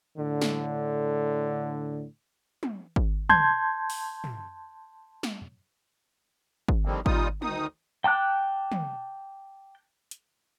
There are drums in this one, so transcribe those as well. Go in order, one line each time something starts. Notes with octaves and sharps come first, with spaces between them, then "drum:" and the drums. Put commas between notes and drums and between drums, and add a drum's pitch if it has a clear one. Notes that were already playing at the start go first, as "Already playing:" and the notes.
A2 D3
drum: snare
drum: tom
drum: kick G#1
A5 C6 G6 G#6, drum: tom
drum: open hi-hat
drum: tom
drum: snare
drum: kick G#1
D3 D#3 F3 G3 A#3 C4
A#2 G3 D#4 F4 D#6, drum: kick G#1
D2 D#3 D#4 D#6, drum: tom
G5 A5 D6 F#6
drum: tom
drum: hi-hat